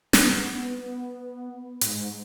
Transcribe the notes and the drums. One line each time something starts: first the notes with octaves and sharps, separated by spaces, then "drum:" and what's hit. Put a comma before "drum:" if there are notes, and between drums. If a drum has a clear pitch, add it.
B3, drum: snare
G#2, drum: hi-hat